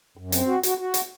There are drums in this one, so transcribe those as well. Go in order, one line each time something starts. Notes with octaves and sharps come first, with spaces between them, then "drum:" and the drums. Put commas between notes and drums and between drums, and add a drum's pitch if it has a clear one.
F#2
C4, drum: hi-hat
F#4
F#4, drum: hi-hat
F#4
drum: hi-hat